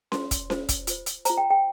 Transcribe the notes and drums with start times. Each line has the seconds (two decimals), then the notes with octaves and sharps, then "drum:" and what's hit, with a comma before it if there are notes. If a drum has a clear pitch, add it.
0.12 F4 C5 C6, drum: snare C#4
0.31 drum: kick, hi-hat
0.50 F4 C5, drum: snare C#4
0.69 drum: kick, hi-hat
0.87 F4 C5, drum: hi-hat
1.06 drum: hi-hat
1.25 F4 C5 A#5, drum: hi-hat
1.37 G5
1.50 G5